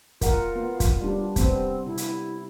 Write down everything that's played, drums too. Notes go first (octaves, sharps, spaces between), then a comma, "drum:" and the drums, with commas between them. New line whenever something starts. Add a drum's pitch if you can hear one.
F4 A#4 F#5, drum: kick, hi-hat
B3
drum: kick, hi-hat
G3 D4
C3 B3 C4, drum: kick, hi-hat
C3 E4
drum: hi-hat